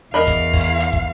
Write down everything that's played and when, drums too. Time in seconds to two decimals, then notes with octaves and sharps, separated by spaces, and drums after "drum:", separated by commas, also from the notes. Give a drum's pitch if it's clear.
0.14 E2 A#4 D#5 F5 B5
0.27 drum: kick, hi-hat
0.53 drum: kick, open hi-hat
0.80 drum: hi-hat
0.93 drum: kick